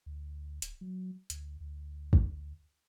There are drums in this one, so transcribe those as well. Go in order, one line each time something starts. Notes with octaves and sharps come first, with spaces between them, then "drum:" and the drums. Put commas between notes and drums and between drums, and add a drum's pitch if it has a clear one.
D2
D1, drum: hi-hat
F#3
D2, drum: hi-hat
D2
drum: kick